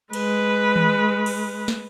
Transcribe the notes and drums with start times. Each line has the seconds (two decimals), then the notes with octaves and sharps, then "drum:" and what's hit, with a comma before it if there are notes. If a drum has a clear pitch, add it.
0.13 G#3 B4, drum: cymbal
0.76 drum: tom D#3
1.26 drum: cymbal
1.68 drum: snare